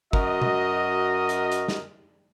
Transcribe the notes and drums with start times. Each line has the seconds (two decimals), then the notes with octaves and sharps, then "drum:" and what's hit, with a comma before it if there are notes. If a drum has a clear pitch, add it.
0.13 F#2 F#4 A#4 D#5, drum: kick
0.42 drum: tom
1.29 drum: hi-hat
1.52 drum: hi-hat
1.68 drum: snare